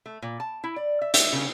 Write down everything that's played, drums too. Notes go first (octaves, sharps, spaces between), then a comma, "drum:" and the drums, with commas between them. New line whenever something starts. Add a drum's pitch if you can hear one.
A3
A#2
A5
E4
D5
E5
E5, drum: hi-hat
C#3